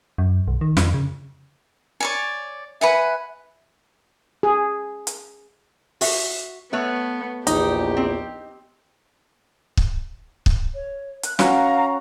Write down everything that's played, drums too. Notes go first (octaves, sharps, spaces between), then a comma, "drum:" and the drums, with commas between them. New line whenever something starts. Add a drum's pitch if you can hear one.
F#2
B1
D#3
F2, drum: snare
C#3
C#5 D5 G#5
B4 E5 F#5 G#5
G#4
drum: hi-hat
F#4 E5, drum: open hi-hat
A3 B3 B4 C#5
A#1 E2 D#4 G4, drum: hi-hat
C4
drum: kick
drum: kick
C#5
F#6, drum: hi-hat
C#4 F#4 F5 F#5 A#5, drum: snare